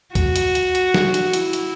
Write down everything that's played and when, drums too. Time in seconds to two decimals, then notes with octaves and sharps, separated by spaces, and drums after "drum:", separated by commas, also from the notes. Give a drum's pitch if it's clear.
0.15 F#4, drum: kick D2, hi-hat
0.36 drum: hi-hat
0.55 drum: hi-hat
0.75 drum: hi-hat
0.94 drum: snare
1.14 drum: hi-hat
1.33 E4, drum: hi-hat
1.53 drum: hi-hat